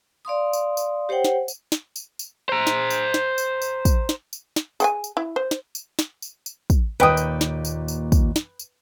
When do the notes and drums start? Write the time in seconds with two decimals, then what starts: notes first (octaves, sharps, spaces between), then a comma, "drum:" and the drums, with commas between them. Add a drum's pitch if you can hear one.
0.25 D5 F5 C6 D#6
0.53 drum: tambourine
0.77 drum: tambourine
1.09 G4 C5 C#5 F#5 G5
1.25 drum: snare
1.48 drum: tambourine
1.72 drum: snare
1.96 drum: tambourine
2.19 drum: tambourine
2.49 C5 A#5
2.67 drum: snare
2.90 drum: tambourine
3.14 drum: snare
3.38 drum: tambourine
3.62 drum: tambourine
3.85 drum: kick, tambourine
4.09 drum: snare
4.33 drum: tambourine
4.56 drum: snare
4.80 G#4 G5 G#5, drum: tambourine
5.04 drum: tambourine
5.17 E4
5.36 C5
5.51 drum: snare
5.75 drum: tambourine
5.99 drum: snare
6.22 drum: tambourine
6.46 drum: tambourine
6.70 drum: kick, tambourine
7.00 D#2 A#2 B4 G5 D#6
7.17 drum: tambourine
7.41 drum: snare
7.65 drum: tambourine
7.88 drum: tambourine
8.12 drum: kick, tambourine
8.36 drum: snare
8.59 drum: tambourine